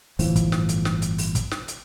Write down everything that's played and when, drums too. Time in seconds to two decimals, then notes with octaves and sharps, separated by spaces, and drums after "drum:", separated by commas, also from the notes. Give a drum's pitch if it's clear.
0.19 G1 A2 E3 F3, drum: open hi-hat
0.36 drum: kick, hi-hat
0.52 drum: snare
0.69 drum: hi-hat
0.85 drum: snare
1.02 drum: hi-hat
1.18 drum: open hi-hat
1.35 drum: kick, hi-hat
1.51 drum: snare
1.68 drum: hi-hat